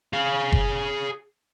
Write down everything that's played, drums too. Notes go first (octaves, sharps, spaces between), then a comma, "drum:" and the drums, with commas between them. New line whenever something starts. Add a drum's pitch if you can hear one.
G#4 F5
drum: kick F#1